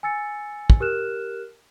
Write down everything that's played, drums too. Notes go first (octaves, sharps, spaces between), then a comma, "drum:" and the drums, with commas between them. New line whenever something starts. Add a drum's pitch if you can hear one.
G#5 E6 A6 C#7
drum: kick
G4 A#4 F6 F#6 E7